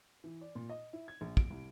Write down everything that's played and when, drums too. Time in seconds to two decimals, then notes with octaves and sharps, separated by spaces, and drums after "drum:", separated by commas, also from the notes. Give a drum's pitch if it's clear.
0.24 E3
0.41 D5
0.55 A#2
0.69 D#5
0.93 E4
1.08 G#6
1.21 A#1
1.37 D7, drum: kick
1.50 C2